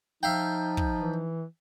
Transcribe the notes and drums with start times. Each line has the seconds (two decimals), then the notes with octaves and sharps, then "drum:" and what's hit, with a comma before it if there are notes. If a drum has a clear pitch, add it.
0.23 F3 D#4 E5 F5 G5
0.77 drum: kick
0.99 E3